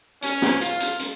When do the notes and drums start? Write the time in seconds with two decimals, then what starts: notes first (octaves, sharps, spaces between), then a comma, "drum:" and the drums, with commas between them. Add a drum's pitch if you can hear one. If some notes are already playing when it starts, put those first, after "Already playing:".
0.22 C#4, drum: hi-hat
0.42 drum: snare
0.61 F4, drum: hi-hat
0.80 drum: hi-hat
0.99 drum: hi-hat